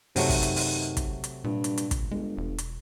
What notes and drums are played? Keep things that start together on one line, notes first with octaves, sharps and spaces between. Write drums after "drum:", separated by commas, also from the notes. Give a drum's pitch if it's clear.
F#2 C3 D#3 F#3 A3, drum: open hi-hat
drum: kick, open hi-hat
drum: hi-hat
drum: open hi-hat
drum: kick, hi-hat
drum: hi-hat
G2 A#2
drum: hi-hat
drum: hi-hat
drum: kick, hi-hat
G1 G#3
E1
drum: hi-hat